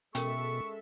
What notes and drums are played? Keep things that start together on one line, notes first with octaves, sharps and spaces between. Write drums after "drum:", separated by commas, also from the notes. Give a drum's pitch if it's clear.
B2 G#3 C#4 A4 A#4 E5 C#6, drum: hi-hat